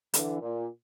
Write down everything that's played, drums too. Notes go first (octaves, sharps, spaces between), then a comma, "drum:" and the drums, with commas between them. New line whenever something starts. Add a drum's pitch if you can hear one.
D3 E3, drum: hi-hat
A#2